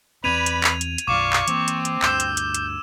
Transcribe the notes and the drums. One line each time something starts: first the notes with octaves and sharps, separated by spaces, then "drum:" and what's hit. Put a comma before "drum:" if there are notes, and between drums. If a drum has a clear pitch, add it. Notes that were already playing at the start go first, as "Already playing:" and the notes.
E2 C4 B4 D5 B5 G#6 D#7 F7
drum: hi-hat
drum: clap
drum: hi-hat
drum: hi-hat
B1 F#2 F4 D5 F5 C#6 D6 E7
drum: clap
E3 A#3 C4, drum: hi-hat
drum: hi-hat
drum: hi-hat
D2 G2 E6 G6 E7, drum: clap
drum: hi-hat
drum: hi-hat
drum: hi-hat